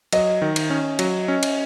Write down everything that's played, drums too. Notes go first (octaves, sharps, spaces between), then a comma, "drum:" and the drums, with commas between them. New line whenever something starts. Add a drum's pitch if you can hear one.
F#3 D#5, drum: cymbal
D#3
drum: cymbal
C#4
F#3, drum: cymbal
C#4
drum: cymbal